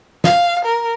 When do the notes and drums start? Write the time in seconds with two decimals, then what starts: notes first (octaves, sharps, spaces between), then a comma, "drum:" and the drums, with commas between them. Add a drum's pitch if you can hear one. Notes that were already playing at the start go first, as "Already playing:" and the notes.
0.24 F5, drum: snare
0.65 A#4